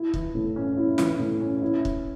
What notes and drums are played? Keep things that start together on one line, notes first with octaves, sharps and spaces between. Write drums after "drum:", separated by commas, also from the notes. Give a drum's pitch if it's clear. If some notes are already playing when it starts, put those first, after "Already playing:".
Already playing: E4
E3, drum: kick C#1
A2
C#4
E4
E3, drum: snare
A2
C#4
E4
drum: kick C#1